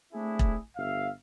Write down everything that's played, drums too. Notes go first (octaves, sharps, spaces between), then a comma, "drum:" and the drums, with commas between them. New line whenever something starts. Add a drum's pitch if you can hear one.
A3 C4 D4 E4 G#4
drum: kick E1
G1 E5 F5